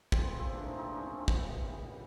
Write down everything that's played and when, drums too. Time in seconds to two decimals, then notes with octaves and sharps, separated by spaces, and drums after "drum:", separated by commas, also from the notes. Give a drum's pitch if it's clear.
0.12 A#2 F3 G#3 C4, drum: kick
0.26 B3
0.39 C4
0.54 A#2 F3 A3 D4
0.65 D#4
0.78 D#4
0.86 D4
0.96 A#2 F3 A3 C#4
1.07 C4
1.17 C4
1.28 B3, drum: kick
1.39 C#3 E3 G#3
1.81 A#2 G3